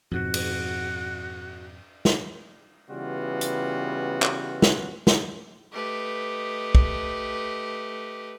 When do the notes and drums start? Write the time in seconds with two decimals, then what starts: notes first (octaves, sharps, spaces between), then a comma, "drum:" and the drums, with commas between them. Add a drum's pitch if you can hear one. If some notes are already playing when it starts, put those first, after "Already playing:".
0.11 F2 G#2 B2 F#4
0.34 drum: cymbal
2.05 drum: snare
2.90 C#3 E3 G3 B3 F4 F#4
3.41 drum: hi-hat
4.22 drum: clap
4.62 drum: snare
5.07 drum: snare
5.73 A3 G4 B4 D#5
6.75 drum: kick